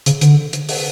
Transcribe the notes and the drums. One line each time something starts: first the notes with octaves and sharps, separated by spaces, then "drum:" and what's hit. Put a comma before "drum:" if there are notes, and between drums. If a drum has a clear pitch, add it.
C#3, drum: hi-hat
D3, drum: hi-hat
drum: hi-hat
drum: open hi-hat